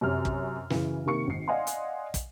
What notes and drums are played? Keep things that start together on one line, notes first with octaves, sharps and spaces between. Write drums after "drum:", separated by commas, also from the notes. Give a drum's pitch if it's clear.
F#2 C3 C#5 F6
drum: kick
F#2 C#3 E3, drum: snare
C3 D#3 A#3 C#6 C#7
G#1 C7
D5 D#5 F5 F#5 G#5 C6
drum: hi-hat
drum: kick, hi-hat